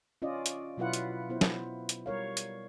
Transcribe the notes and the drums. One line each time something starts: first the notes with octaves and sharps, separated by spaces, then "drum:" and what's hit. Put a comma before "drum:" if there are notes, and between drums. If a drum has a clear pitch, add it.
C#4 F4 D5 D#5
drum: hi-hat
B2 F#3 E4 F4 B4 F#5
drum: hi-hat
B3 E4 C5
drum: snare
drum: hi-hat
G3 A#4 C#5 F5
drum: hi-hat